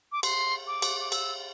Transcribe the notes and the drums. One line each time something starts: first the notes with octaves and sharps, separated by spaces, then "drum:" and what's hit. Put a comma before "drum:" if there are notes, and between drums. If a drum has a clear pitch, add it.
D6
C6, drum: cymbal
D6
drum: cymbal
D6
E6, drum: cymbal